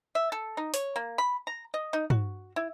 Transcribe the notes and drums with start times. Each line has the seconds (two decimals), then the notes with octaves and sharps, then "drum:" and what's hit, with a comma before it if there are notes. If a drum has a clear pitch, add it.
0.15 E5
0.32 A4
0.57 D#4
0.74 C#5, drum: hi-hat
0.96 A#3
1.18 B5
1.47 A#5
1.74 D#5
1.93 D#4
2.10 F#4, drum: tom
2.56 E4